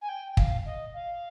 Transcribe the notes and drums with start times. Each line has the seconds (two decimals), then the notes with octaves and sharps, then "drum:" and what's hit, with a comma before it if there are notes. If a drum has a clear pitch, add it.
0.02 G#5
0.09 G5
0.37 F5, drum: kick
0.66 D#5
0.94 F5